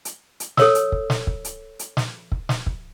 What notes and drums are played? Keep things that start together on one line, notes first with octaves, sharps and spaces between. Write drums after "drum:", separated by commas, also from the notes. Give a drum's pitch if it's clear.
drum: hi-hat
drum: hi-hat
A4 C#5 E6, drum: snare
drum: hi-hat
drum: kick
drum: snare
drum: kick
drum: hi-hat
drum: hi-hat
drum: snare
drum: kick
drum: snare
drum: kick